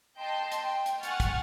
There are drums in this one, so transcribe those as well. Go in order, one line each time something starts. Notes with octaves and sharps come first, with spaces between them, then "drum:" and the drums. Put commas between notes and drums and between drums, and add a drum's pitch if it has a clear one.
D#5 G5 A5 C6 G6
drum: hi-hat
G5
drum: hi-hat
F#5 G#5 C#6 F6 A6, drum: hi-hat
drum: kick, hi-hat